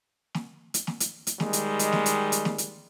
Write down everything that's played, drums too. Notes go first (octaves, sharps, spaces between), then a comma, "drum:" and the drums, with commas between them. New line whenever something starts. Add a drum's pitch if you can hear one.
drum: snare
drum: hi-hat
drum: snare
drum: hi-hat
drum: hi-hat
D#3 G3 G#3, drum: snare
drum: hi-hat
drum: hi-hat
drum: snare
drum: hi-hat
drum: hi-hat
drum: snare
drum: hi-hat